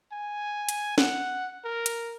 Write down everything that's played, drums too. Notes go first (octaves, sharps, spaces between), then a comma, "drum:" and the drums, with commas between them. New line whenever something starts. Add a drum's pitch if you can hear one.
G#5
drum: hi-hat
F#5, drum: snare
A#4
drum: hi-hat